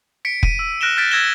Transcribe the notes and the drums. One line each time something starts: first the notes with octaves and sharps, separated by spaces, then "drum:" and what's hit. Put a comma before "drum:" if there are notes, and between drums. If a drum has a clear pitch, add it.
B6 C#7 D7
D#7, drum: kick
E6
F6 F#6 A#6 D7 E7 G7
F6 G6 A6 B6 D7
E6 G#6 A#6 B6 E7 G7